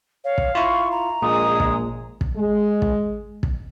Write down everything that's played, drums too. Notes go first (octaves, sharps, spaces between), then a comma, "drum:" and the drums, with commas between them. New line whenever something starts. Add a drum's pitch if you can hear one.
C#5 F5
drum: kick
E4 F4 C#6
A#5
A#1 A#2 G#3 D#6
drum: kick
drum: kick
G#3
drum: kick
drum: kick